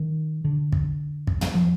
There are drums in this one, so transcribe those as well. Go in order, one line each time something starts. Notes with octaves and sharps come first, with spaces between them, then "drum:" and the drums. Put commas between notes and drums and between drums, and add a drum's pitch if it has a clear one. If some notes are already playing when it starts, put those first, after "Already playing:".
Already playing: D#3
D3
drum: kick
drum: kick
drum: tom
F3